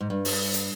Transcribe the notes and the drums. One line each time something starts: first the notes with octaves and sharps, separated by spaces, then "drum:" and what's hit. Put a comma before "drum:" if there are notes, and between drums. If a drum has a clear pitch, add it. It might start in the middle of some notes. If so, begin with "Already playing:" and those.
G#2
G2
drum: open hi-hat
drum: hi-hat